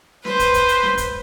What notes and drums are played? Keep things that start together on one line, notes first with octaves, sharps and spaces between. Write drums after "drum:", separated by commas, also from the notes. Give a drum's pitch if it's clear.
B4 C5, drum: snare
drum: kick, hi-hat
drum: kick, hi-hat
drum: hi-hat
drum: snare
drum: kick, hi-hat